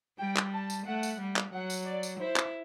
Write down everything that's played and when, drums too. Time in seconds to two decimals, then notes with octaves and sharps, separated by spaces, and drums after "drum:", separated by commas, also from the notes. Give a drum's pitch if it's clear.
0.19 G3 G5
0.36 drum: clap
0.54 A5
0.70 drum: tambourine
0.86 A3 F#5
1.03 drum: tambourine
1.20 G3
1.36 drum: clap
1.52 F#3 F#5
1.70 drum: tambourine
1.86 D5
2.03 drum: tambourine
2.19 E4 C5
2.36 drum: clap